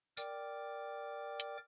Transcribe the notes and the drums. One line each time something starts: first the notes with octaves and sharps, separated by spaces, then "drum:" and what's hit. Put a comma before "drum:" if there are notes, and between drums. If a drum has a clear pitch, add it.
A#4 D5 G5 D6, drum: tambourine
drum: hi-hat